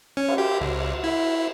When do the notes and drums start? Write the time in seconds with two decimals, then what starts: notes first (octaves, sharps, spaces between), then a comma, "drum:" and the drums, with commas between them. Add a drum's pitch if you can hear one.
0.17 C#4
0.28 drum: cymbal
0.38 G4
0.61 C#2
1.04 E4
1.23 E4